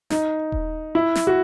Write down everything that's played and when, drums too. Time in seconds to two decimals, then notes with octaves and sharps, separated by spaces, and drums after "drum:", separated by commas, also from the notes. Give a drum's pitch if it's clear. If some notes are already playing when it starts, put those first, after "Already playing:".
0.10 D#4, drum: snare
0.52 drum: kick D#1
0.95 E4
1.15 drum: snare
1.27 F#4